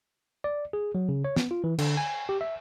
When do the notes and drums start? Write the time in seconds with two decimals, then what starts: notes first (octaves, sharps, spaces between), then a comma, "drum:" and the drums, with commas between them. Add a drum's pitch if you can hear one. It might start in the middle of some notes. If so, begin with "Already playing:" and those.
0.44 D5
0.73 G#4
0.95 F#3
1.09 C#3
1.25 C#5
1.36 B3, drum: snare
1.51 F4
1.64 E3
1.79 D3, drum: cymbal
1.97 G#5
2.29 G4
2.41 E5